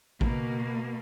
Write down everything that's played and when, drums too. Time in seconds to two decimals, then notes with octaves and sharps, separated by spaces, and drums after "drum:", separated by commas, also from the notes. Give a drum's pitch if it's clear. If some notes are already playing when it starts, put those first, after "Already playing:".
0.21 B2 A#3, drum: kick A1